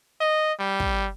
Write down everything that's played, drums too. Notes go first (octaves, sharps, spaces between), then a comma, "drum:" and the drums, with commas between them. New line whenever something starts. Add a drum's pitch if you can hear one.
D#5
G3
drum: kick